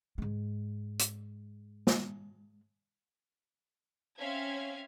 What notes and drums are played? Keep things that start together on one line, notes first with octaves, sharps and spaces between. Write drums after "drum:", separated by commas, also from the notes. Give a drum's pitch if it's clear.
G#2 G#3
drum: hi-hat
drum: snare
C4 C#4 E5 F5 G#6